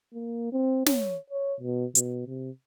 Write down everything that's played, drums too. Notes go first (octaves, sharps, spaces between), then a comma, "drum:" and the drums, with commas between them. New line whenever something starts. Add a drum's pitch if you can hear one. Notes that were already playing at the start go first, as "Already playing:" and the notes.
A#3
C4
C#5, drum: snare
C#5
B2
B2, drum: hi-hat
C3